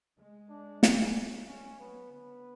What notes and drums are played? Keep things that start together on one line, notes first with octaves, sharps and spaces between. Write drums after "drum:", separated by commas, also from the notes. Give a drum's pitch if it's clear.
G#3
D4
C#4, drum: snare
G#3 C#4
F#3 B3
D3 B3